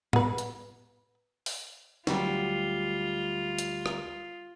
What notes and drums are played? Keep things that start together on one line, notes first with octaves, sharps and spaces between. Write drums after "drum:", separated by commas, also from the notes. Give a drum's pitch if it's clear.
B3 B4, drum: tom
drum: hi-hat
drum: open hi-hat
D2 F#3 G3 F4, drum: snare
drum: hi-hat
drum: rim click